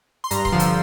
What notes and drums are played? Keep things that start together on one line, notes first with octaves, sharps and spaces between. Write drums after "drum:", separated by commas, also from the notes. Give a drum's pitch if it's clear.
C6
G2 A#5, drum: hi-hat
C6, drum: kick C#1
D3 F3
E6, drum: hi-hat